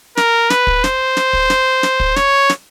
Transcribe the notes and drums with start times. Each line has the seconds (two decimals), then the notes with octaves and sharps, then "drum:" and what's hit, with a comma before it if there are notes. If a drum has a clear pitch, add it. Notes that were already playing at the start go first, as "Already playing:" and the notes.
0.17 A#4, drum: snare
0.50 B4, drum: snare
0.67 drum: kick
0.84 C5, drum: snare
1.17 drum: snare
1.33 drum: kick
1.50 drum: snare
1.83 drum: snare
2.00 drum: kick
2.16 C#5, drum: snare
2.49 drum: snare